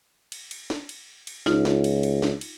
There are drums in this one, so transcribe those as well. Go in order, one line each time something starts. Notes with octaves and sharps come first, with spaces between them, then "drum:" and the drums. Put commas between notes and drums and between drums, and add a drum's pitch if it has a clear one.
drum: cymbal
drum: cymbal
drum: snare
drum: cymbal
drum: cymbal
C#2 D#4 F4, drum: snare
drum: snare
drum: cymbal
drum: cymbal
drum: snare
drum: cymbal